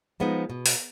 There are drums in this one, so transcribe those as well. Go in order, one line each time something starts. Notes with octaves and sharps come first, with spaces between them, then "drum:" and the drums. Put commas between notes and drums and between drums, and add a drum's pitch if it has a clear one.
F3 G#3 B3 D#4
B2
drum: open hi-hat